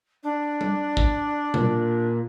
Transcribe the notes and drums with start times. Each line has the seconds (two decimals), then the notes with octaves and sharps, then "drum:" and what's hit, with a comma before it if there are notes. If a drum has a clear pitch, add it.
0.23 D4
0.61 drum: tom G3
0.97 drum: kick
1.54 A#2, drum: tom B2